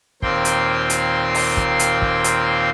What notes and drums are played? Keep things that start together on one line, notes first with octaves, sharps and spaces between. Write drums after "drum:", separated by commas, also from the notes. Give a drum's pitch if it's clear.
D#2 A#2 A#3 C4 G5 C6, drum: kick
drum: hi-hat
drum: hi-hat
drum: open hi-hat
drum: kick
drum: hi-hat
drum: kick
drum: hi-hat